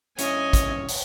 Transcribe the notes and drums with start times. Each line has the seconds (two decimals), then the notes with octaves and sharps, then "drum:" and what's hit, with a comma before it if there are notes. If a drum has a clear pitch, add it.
0.18 G2 C#4 E4 C#5 D#5 G#5, drum: hi-hat
0.53 drum: kick, hi-hat
0.88 drum: open hi-hat